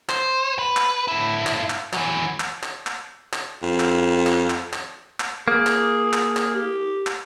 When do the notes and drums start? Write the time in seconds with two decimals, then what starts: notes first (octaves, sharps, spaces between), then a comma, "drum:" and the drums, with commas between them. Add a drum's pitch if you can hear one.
0.09 C5, drum: clap
0.59 B4
0.77 drum: clap
1.08 D3 E4
1.47 drum: clap
1.70 drum: clap
1.93 E3 F#3, drum: clap
2.40 drum: clap
2.63 drum: clap
2.87 drum: clap
3.33 drum: clap
3.62 F2
3.80 drum: clap
4.27 drum: clap
4.50 drum: clap
4.73 drum: clap
5.20 drum: clap
5.48 A#3 G#4
5.67 drum: clap
6.13 drum: clap
6.37 drum: clap
6.55 G4
7.07 drum: clap